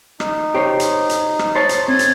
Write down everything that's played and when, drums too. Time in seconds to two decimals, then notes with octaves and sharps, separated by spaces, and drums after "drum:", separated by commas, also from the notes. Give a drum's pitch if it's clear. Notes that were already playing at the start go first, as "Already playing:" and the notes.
0.20 D#4, drum: rim click
0.54 G4 C5 C#5
0.80 drum: hi-hat
1.09 drum: hi-hat
1.39 drum: rim click
1.55 C5 C#5 A5 A6
1.69 drum: hi-hat
1.88 C4 G#6
1.99 drum: hi-hat